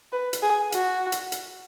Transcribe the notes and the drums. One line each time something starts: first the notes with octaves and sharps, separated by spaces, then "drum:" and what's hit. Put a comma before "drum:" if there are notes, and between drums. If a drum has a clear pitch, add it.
B4
drum: hi-hat
G#4
F#4, drum: hi-hat
drum: hi-hat
drum: hi-hat